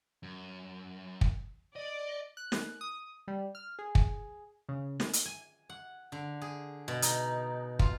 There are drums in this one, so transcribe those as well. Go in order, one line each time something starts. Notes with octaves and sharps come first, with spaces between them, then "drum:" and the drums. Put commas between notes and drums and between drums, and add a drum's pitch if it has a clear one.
F#2
drum: kick
D5 D#5
F#6
drum: snare
D#6
G3
F6
G#4
drum: kick
C#3
drum: snare
drum: hi-hat
G#5
F#5
D3
G#4
B2
D#4, drum: hi-hat
F4, drum: kick